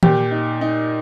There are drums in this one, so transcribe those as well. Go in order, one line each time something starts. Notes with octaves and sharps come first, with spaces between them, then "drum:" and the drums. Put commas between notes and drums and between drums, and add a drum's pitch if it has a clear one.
A#2 G4, drum: tom D#3
D#4
D#4